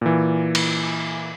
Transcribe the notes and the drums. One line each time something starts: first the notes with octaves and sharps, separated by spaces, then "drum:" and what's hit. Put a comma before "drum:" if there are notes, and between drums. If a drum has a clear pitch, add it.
A#2 E3
drum: cymbal